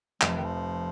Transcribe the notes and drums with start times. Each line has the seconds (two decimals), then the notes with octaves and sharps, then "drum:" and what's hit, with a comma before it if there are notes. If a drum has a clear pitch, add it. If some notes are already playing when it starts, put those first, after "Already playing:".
0.21 F1 G3, drum: clap
0.30 F3
0.37 D#3
0.44 F3